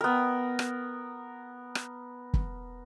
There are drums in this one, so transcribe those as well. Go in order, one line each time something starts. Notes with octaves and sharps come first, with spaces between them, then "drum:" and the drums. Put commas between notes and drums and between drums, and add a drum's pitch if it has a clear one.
B3 A#4
drum: rim click
drum: rim click
drum: kick